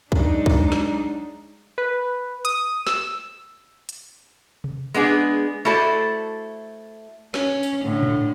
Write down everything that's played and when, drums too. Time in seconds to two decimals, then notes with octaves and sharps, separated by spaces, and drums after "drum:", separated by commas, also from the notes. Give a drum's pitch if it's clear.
0.12 F#3 G#3 D4 D#4, drum: kick C2
0.46 drum: kick C2
0.72 drum: snare
1.78 B4
2.45 D#6, drum: hi-hat
2.87 E6, drum: snare
3.89 drum: hi-hat
4.64 drum: tom C3
4.94 G#3 B3 D4 G#4
5.65 A3 E4 F#4 A4 C5 D5
7.34 C#4, drum: snare
7.63 drum: tambourine
7.84 A2 D3
8.03 drum: tom A2